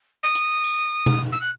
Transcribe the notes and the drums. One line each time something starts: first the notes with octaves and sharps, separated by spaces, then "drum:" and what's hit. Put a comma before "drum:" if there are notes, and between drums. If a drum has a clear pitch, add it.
D#6
drum: hi-hat
drum: tambourine
drum: tom B2
E6
F#6